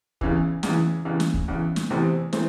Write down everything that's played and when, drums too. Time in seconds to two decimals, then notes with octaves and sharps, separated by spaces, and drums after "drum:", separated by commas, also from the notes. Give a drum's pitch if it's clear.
0.21 E2 C#3 E3, drum: kick
0.63 E2 C#3 E3, drum: snare
1.05 E2 C#3 E3
1.20 drum: snare
1.34 drum: kick
1.48 E2 C#3 E3
1.76 drum: snare
1.90 E2 C3 E3 A3 C4
2.33 E3 A3 C4, drum: snare